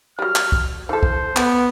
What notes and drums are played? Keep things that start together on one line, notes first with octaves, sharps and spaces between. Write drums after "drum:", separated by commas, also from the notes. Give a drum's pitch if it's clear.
F#3 G3 F6
drum: clap
drum: kick
E3 A4 C5
drum: kick
A3 B3, drum: clap